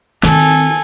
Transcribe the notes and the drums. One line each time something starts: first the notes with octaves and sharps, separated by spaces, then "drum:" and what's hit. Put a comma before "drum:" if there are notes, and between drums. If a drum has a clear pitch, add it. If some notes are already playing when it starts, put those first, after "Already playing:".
D#3 C4 A4 G#5, drum: snare
drum: cymbal